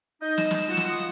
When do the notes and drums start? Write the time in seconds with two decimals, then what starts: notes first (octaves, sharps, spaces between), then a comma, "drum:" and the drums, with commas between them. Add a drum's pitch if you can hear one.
0.22 D#4 D#5 G6
0.38 E7, drum: snare
0.51 drum: snare
0.68 F4 F#4
0.77 drum: snare
0.89 D#6